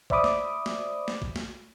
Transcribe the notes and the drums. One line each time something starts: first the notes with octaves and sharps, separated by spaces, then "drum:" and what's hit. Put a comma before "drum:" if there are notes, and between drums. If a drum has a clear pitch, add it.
C5 D5 E5 B5 D6 D#6, drum: kick
drum: snare
drum: snare
drum: snare
drum: kick
drum: snare